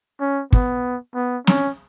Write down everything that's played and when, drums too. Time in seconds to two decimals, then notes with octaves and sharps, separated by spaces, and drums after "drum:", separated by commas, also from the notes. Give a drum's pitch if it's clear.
0.21 C#4
0.52 B3, drum: kick
1.15 B3
1.47 C#4, drum: snare